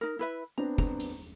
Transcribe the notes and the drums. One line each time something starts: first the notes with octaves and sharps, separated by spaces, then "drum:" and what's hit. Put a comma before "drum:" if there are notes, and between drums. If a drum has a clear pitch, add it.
D#4 A#4
E4 B4 E5
B3 C4 D4 A#5
A#5, drum: kick
drum: hi-hat